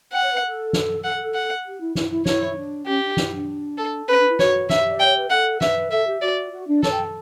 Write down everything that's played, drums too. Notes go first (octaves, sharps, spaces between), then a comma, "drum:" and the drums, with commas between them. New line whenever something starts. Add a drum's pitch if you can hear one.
F#5 G5
C#5
B4
A4
drum: snare
F#5
F#5
G4
E4
E4, drum: snare
E4
E4 C#5, drum: snare
D4
C#4 G4
D4
E4, drum: snare
D4
A4
C#4 B4
D4
E4
F#4 C#5, drum: snare
G4 E5, drum: snare
D5
G5
C#5
B4
A4 F#5
B4 E5, drum: snare
A4 E5
G4
F#4 D5
F#4
D4
A4 C#5, drum: snare
G5